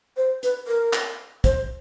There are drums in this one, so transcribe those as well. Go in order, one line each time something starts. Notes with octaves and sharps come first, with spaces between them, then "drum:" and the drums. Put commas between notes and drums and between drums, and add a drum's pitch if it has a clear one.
C5
B4, drum: hi-hat
A#4
drum: clap
C5, drum: kick, hi-hat